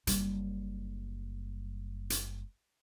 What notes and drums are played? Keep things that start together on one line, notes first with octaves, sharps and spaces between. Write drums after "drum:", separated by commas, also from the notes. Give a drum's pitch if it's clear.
F#1 G3, drum: hi-hat
drum: hi-hat